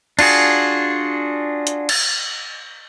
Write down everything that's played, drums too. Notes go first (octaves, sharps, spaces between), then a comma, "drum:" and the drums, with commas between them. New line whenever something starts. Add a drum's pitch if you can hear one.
D4 F4 F#4 G#4, drum: cymbal
drum: hi-hat
drum: cymbal